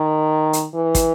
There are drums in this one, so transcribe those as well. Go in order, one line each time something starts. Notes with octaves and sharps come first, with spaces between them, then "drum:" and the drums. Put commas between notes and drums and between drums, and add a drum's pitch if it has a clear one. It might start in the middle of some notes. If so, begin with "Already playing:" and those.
Already playing: D#3
drum: hi-hat
E3
drum: kick, hi-hat